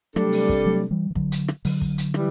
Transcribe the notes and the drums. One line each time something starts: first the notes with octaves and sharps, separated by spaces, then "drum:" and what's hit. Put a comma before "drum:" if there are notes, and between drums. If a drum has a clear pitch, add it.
C3 F#3 G3 A3 D4 A4, drum: rim click
drum: open hi-hat
drum: kick
F#3 A3
E3 G3
E3
D3 F#3, drum: kick
drum: hi-hat
drum: rim click
D3 F#3, drum: open hi-hat
drum: kick
drum: hi-hat
E3 G3, drum: rim click